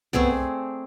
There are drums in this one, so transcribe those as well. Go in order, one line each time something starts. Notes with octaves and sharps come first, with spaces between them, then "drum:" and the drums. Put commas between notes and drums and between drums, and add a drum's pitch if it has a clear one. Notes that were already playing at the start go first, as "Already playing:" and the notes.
A3 B3 C4 G#4 D5, drum: tom